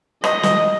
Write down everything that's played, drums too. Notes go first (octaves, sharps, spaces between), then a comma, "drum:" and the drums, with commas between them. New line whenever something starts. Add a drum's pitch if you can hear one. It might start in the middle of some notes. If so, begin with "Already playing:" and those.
D#5, drum: rim click
drum: snare